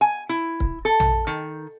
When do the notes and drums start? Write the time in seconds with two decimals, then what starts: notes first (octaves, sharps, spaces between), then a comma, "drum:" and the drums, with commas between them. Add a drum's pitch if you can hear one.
0.01 G#5
0.29 E4
0.60 drum: kick C#1
0.85 A4
1.00 drum: tom A#1
1.27 D#3